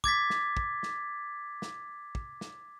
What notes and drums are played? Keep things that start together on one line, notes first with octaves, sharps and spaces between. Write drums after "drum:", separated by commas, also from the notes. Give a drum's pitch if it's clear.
D6 G#6 A6 B6, drum: kick
drum: snare
drum: kick
drum: snare
drum: snare
drum: kick
drum: snare